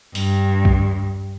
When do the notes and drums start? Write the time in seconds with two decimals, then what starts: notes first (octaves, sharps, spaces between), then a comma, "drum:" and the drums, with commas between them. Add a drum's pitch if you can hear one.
0.15 G2, drum: open hi-hat
0.65 drum: kick B1